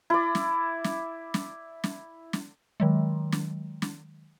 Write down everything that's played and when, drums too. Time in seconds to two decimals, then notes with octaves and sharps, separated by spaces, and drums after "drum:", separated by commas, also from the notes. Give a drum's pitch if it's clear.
0.10 E4 D5
0.35 drum: snare
0.84 drum: snare
1.34 drum: snare
1.84 drum: snare
2.33 drum: snare
2.80 D#3 F#3 G#3
3.32 drum: snare
3.82 drum: snare